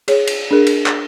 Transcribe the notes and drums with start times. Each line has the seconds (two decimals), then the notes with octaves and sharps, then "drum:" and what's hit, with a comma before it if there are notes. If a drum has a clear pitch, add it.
0.08 G#4 C#5, drum: cymbal
0.27 drum: cymbal
0.51 D4 G#4 A#4
0.67 drum: cymbal
0.86 drum: clap